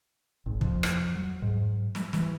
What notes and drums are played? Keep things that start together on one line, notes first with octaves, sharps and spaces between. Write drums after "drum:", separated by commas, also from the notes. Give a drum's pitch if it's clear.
G#1
F2, drum: kick
drum: rim click
F#3
G#2
drum: snare
E3, drum: snare